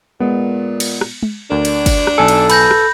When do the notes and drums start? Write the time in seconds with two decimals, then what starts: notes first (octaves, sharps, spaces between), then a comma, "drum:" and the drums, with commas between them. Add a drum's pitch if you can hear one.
0.20 A#2 G#3 B3
0.80 drum: cymbal
1.01 drum: rim click
1.23 drum: tom G#3
1.50 D2 D4 A#4
1.65 drum: cymbal
1.86 drum: kick, cymbal
2.07 drum: rim click
2.18 B1 A4 G#5 C#7
2.28 drum: cymbal
2.50 B4 B5 G6 A#6, drum: cymbal
2.71 drum: rim click